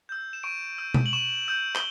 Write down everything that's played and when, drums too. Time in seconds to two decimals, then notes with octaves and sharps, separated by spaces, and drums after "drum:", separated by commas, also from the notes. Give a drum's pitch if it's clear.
0.09 E6 G6
0.33 E7
0.43 C#6 D7
0.78 E6 G6
0.94 drum: tom B2
1.06 F#7
1.13 C#6 E7
1.48 E6 G6
1.76 G7, drum: clap